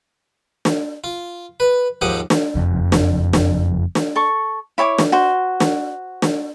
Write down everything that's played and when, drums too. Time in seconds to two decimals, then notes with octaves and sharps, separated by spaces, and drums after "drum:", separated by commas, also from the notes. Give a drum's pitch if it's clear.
0.65 drum: snare
1.04 F4
1.60 B4
2.01 D#2 G#2 F3 G4 F#5 D#6
2.30 drum: snare
2.55 F#1 F2
2.92 drum: snare
3.33 drum: snare
3.95 drum: snare
4.16 A4 C#6
4.78 E4 C#5 G#5 D6
4.99 drum: snare
5.12 F#4 C5
5.60 drum: snare
6.22 drum: snare